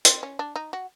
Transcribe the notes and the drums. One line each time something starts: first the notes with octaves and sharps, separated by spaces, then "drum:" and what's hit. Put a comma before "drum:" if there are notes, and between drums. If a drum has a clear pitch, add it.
C4, drum: hi-hat
C#4
D4
D#4
F#4